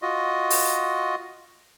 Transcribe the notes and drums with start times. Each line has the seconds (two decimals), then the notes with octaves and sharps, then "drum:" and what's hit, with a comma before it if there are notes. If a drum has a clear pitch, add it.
0.02 F4 F#4 D#5
0.50 drum: open hi-hat